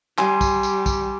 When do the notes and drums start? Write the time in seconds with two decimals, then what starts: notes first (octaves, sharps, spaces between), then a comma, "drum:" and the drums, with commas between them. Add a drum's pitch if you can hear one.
0.18 G3 G#5 C6, drum: clap
0.41 drum: kick, tambourine
0.63 drum: tambourine
0.86 drum: kick, tambourine